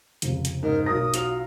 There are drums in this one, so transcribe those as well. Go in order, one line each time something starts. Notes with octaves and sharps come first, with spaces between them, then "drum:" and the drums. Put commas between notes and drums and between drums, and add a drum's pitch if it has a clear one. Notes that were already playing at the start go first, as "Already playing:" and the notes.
F1 C#2, drum: hi-hat
drum: hi-hat
G#2 D#4 A#4
B1 A#4 D#6 A#6
F#3 F4 F7, drum: hi-hat